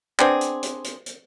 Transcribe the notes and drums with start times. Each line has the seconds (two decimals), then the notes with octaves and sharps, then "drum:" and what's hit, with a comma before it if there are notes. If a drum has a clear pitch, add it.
0.19 B3 C4 D4 G#4, drum: clap
0.41 drum: hi-hat
0.63 drum: hi-hat
0.84 drum: hi-hat
1.06 drum: hi-hat